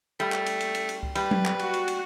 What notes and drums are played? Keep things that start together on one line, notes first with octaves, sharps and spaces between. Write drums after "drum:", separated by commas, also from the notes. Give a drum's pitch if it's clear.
G3 A3
drum: clap
drum: cymbal
drum: cymbal
drum: cymbal
drum: cymbal
drum: kick C#2
G3 B4, drum: cymbal
drum: tom F#3
drum: clap
F#4, drum: cymbal
drum: cymbal
drum: cymbal